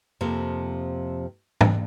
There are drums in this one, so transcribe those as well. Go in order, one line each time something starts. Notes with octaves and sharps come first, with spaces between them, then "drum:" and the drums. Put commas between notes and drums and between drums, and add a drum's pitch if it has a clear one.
F2 C3 F3 A#3
drum: tom G#2